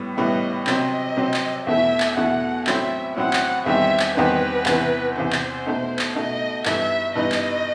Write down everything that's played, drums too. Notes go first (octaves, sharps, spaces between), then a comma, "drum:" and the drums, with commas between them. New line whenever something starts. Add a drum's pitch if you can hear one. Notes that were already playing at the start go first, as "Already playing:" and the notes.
Already playing: A2 G3 B3
A2 G3 B3 E4 D#5
C3 F#3 C4 D#5, drum: clap
C3 F#3 C4
drum: clap
E2 B2 A3 E4 E5
drum: clap
E2 B2 A3 E4 F#5
A2 F#3 C4 E4 E5, drum: clap
A2 F#3 C4 E4 F#5
drum: clap
E2 D#3 G3 C4 D#4 E5
drum: clap
E2 D#3 G3 C4 D#4 B4
E2 C3 E3, drum: clap
E2 C3 E3 C5
drum: clap
B2 A3 D#4
drum: clap
B2 A3 D#4 D#5
G2 E3 B3 D#4 E5, drum: clap
G2 E3 B3 D#4 D#5
drum: clap